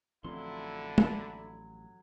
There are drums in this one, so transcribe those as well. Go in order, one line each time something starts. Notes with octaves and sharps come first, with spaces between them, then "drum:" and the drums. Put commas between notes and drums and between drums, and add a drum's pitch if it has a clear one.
A1 D3 F3 F#3 C4 E4 A4 C6
drum: tom